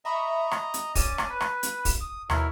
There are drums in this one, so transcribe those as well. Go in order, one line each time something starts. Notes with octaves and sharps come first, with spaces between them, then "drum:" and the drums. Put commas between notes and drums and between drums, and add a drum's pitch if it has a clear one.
D#5 E5 A#5 B5 C#6
drum: rim click
drum: hi-hat
C#4 D5 D#7, drum: kick, open hi-hat
drum: rim click
B4 B5
drum: rim click
drum: hi-hat
drum: kick, open hi-hat
D#6
D#2 B2 E4 A#4 C#5, drum: rim click